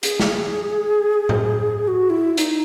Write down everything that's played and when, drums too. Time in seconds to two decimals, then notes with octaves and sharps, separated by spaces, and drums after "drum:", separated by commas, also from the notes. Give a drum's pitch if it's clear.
0.03 G#4, drum: hi-hat
0.20 drum: snare
1.29 drum: tom A2
1.88 F#4
2.10 E4
2.33 E4
2.37 D#4, drum: hi-hat